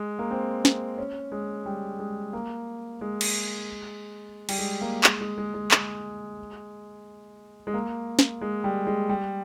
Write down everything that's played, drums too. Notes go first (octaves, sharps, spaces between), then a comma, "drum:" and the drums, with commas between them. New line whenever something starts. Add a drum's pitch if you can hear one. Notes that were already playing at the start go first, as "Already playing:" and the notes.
Already playing: G#3
A#3
C4
drum: snare
C#4
G#3
G3
G#3
A#3
G#3
drum: cymbal
G3, drum: cymbal
G#3
A#3
G#3, drum: clap
G#3
G#3
G#3
G#3, drum: clap
G#3
A#3
drum: snare
G#3
G3
G#3
G3